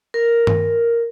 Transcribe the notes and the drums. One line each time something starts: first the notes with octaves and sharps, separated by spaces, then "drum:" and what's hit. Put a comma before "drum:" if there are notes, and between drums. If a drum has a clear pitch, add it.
A#4
drum: tom G2